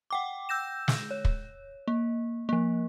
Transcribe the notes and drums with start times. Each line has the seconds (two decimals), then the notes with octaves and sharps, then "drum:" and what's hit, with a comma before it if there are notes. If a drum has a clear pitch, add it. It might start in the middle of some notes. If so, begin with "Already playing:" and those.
0.10 F#5 G5 D6
0.49 E6 G6 A#6 E7
0.88 drum: snare
1.11 C#5
1.25 drum: kick
1.88 A#3
2.49 F3 A#3